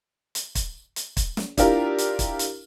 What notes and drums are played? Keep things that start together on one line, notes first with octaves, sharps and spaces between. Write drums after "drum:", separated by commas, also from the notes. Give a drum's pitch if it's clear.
drum: hi-hat
drum: kick, hi-hat
drum: hi-hat
drum: kick, hi-hat
drum: snare
D4 E4 F4 G4 A#4, drum: kick, hi-hat
drum: hi-hat
drum: kick, hi-hat
drum: hi-hat